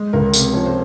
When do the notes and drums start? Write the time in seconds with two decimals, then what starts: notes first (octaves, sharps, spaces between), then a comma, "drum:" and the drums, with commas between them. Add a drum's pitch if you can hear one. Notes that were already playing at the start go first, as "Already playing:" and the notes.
Already playing: G#3
0.13 C#2 A#4
0.34 C3 A#4, drum: tambourine
0.53 F3 C#5
0.66 C5